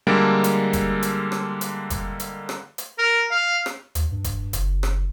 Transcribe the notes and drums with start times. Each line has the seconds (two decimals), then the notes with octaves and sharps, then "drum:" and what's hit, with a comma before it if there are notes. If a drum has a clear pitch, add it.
0.07 D3 G3 G#3 A#3 A4 D7
0.44 drum: hi-hat
0.73 drum: kick F1, hi-hat
1.02 drum: hi-hat
1.32 drum: rim click
1.61 drum: hi-hat
1.90 drum: kick F1, hi-hat
2.20 drum: hi-hat
2.49 drum: rim click
2.78 drum: hi-hat
2.99 A#4
3.31 F5
3.66 drum: rim click
3.95 D#2, drum: hi-hat
4.12 G2
4.24 drum: kick F1, hi-hat
4.53 F#1, drum: hi-hat
4.83 drum: rim click